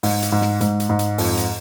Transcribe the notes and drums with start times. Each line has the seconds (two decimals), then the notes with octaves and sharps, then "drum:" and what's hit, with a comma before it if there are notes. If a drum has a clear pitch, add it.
0.03 G#2, drum: open hi-hat
0.22 drum: hi-hat
0.32 G#2
0.41 drum: snare
0.61 G#2, drum: hi-hat
0.80 drum: hi-hat
0.89 G#2
0.99 drum: hi-hat
1.18 F2, drum: open hi-hat
1.37 drum: hi-hat